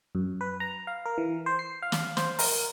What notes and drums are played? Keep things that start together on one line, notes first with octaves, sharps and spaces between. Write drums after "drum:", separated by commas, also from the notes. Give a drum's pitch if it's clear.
F#2
B4
A#5
F5
A#4
E3
C5
C7
F5
drum: snare
C5, drum: snare
A#4, drum: open hi-hat